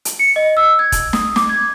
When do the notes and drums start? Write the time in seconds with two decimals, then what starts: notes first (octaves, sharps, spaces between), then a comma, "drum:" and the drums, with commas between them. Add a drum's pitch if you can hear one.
0.05 drum: hi-hat
0.19 C#7
0.36 D#5
0.57 E6
0.79 G#6
0.92 drum: kick, hi-hat
1.13 D#6, drum: snare
1.36 D6, drum: snare
1.49 G#6